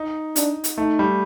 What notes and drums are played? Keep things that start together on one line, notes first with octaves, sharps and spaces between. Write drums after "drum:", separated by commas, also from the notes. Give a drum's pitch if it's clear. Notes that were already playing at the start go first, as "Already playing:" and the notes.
Already playing: D#4
D4, drum: hi-hat
drum: hi-hat
A3 D#4
G3